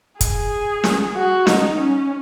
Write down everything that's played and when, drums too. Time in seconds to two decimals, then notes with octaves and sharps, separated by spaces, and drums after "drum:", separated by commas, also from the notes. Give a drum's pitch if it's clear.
0.21 G#4, drum: kick, hi-hat
0.84 drum: snare
1.15 F#4
1.47 D#4, drum: snare
1.79 C#4